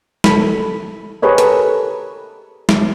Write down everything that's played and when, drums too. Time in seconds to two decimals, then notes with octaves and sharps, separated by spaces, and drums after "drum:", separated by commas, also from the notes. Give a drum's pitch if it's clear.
0.24 A4 B5, drum: snare
1.22 G4 G#4 A#4 B4 C#5 D#5
1.38 A4 B4, drum: hi-hat
2.69 drum: snare